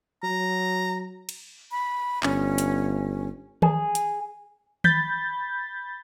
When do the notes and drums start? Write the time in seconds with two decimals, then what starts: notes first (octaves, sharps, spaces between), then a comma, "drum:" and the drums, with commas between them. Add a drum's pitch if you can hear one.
0.23 F#3 A#5
1.29 drum: cymbal
1.71 B5
2.23 G1 C#4, drum: clap
2.58 drum: hi-hat
3.62 G#4, drum: tom D#3
3.95 drum: hi-hat
4.84 B5 G6 A6, drum: tom D#3